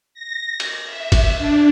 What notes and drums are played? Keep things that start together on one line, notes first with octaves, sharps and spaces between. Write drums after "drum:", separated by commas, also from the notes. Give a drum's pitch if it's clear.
A#6
drum: cymbal
E5
drum: kick G1, cymbal
D4